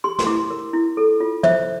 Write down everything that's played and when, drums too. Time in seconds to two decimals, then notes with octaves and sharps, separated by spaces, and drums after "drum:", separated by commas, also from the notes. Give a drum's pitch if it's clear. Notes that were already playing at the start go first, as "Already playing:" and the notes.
0.04 G4 C6
0.19 C6, drum: snare
0.27 E4 D6
0.51 A#4
0.74 E4
0.97 A4
1.20 F4
1.43 C5 E5, drum: tom